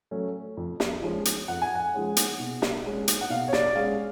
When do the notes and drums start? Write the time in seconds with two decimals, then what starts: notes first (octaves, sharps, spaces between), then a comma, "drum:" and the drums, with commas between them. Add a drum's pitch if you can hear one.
0.11 F#3 A3 C#4
0.57 F2
0.80 drum: snare
1.02 F3 G#3 C#4
1.25 drum: hi-hat
1.48 F2 F#5
1.62 G#5
1.75 F#5
1.94 F3 G#3 C#4
2.17 drum: hi-hat
2.40 B2
2.62 drum: snare
2.85 G#3 C#4
3.08 drum: hi-hat
3.21 F#5
3.30 B2 F5
3.48 C#5
3.53 D5, drum: snare
3.75 G#3 C#4 F5